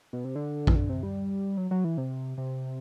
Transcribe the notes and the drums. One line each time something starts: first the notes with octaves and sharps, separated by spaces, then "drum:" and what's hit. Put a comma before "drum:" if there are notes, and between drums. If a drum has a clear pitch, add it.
B2
C3
D3
E3, drum: kick A#1
D3
C3
G3
F#3
F#3
E3
C3
C3